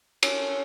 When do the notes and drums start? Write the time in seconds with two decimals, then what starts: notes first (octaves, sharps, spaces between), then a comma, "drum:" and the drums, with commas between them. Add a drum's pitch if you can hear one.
0.23 C#4, drum: cymbal